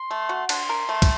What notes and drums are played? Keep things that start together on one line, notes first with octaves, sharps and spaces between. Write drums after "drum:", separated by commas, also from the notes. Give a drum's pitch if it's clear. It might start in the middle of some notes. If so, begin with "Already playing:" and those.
Already playing: C6
A3
F#4
D4 C6, drum: cymbal
A#4
A3
drum: kick, cymbal